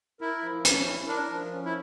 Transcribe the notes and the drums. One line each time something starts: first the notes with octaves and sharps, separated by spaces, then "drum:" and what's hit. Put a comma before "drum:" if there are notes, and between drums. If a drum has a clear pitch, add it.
E4 A#4
F3
C#4, drum: hi-hat
E4
D4 A#4
F3
C#4
E4